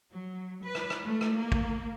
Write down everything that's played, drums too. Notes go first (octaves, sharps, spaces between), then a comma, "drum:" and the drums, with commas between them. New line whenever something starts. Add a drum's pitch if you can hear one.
F#3
B4
drum: rim click
drum: rim click
A3
drum: rim click
A#3
drum: kick